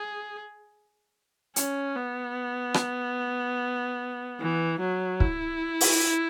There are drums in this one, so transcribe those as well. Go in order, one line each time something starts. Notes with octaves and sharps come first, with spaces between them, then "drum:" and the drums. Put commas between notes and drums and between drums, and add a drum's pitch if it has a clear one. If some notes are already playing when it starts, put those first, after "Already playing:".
Already playing: G#4
C#4, drum: hi-hat
B3
drum: rim click
E3
F#3
E4, drum: kick
drum: open hi-hat